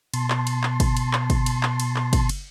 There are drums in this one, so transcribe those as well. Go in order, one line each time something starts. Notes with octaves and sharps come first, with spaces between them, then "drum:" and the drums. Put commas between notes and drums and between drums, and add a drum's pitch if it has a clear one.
B2 A5 C6, drum: cymbal
drum: clap
drum: cymbal
drum: clap
drum: kick, cymbal
drum: cymbal
drum: clap
drum: kick, cymbal
drum: cymbal
drum: clap
drum: cymbal
drum: clap
drum: kick, cymbal
drum: cymbal